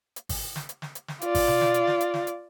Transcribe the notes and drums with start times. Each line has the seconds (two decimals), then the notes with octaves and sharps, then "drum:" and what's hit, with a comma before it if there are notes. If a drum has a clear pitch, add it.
0.16 drum: hi-hat
0.29 drum: kick, open hi-hat
0.56 drum: snare
0.69 drum: hi-hat
0.82 drum: snare
0.95 drum: hi-hat
1.08 drum: snare
1.21 F4 D5, drum: hi-hat
1.35 drum: kick, open hi-hat
1.48 drum: tom B2
1.61 drum: snare
1.74 drum: hi-hat
1.87 drum: snare
2.00 drum: hi-hat
2.14 drum: snare
2.27 drum: hi-hat